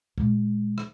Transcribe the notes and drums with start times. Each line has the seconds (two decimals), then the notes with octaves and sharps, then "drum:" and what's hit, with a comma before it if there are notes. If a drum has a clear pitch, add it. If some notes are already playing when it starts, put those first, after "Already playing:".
0.18 A#2 G#3, drum: kick
0.78 drum: rim click